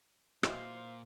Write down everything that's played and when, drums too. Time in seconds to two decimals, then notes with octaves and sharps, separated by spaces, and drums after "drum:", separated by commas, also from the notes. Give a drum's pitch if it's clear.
0.43 A#2 E3 E4 F#4 G4 C5 D#5 F5, drum: rim click